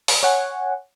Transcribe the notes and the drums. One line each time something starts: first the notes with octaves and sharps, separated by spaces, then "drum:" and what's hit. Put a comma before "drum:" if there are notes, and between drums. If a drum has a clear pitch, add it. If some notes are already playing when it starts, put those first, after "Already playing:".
drum: open hi-hat
C#5 F#5 G#5